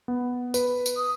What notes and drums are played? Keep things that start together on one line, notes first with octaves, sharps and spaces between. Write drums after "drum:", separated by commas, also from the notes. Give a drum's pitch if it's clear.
B3
B4, drum: tambourine
drum: tambourine
D#6